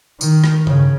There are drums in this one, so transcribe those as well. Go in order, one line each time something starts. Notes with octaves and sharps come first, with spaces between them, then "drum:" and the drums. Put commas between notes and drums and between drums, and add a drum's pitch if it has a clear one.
D#3, drum: tambourine
drum: rim click
C#3, drum: tom G2